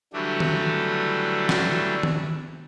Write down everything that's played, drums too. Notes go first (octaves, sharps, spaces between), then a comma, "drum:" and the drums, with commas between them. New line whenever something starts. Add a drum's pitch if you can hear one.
D3 E3 F#3 G3 A3 D4
drum: tom D#3
drum: snare
drum: tom D#3